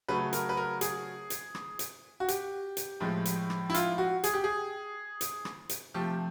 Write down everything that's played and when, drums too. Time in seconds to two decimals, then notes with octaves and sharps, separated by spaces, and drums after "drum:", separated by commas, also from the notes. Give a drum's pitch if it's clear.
0.08 C#3 F#3 A3 B4
0.33 A#4, drum: hi-hat
0.49 B4
0.57 A#4
0.81 G#4, drum: hi-hat
1.30 drum: hi-hat
1.55 drum: rim click
1.79 drum: hi-hat
2.20 F#4
2.28 G4, drum: hi-hat
2.77 drum: hi-hat
3.00 A2 F3 G#3
3.25 drum: hi-hat
3.50 drum: rim click
3.70 E4
3.74 F4, drum: hi-hat
3.98 F#4
4.24 G#4, drum: hi-hat
4.34 G4
4.44 G#4
5.21 drum: hi-hat
5.45 drum: rim click
5.69 drum: hi-hat
5.94 C3 F3 A3 G4